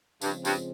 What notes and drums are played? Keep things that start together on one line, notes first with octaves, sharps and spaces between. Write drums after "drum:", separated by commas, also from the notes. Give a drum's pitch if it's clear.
G2 C#3 F3 G#3 C4 F4, drum: tambourine
G2, drum: tambourine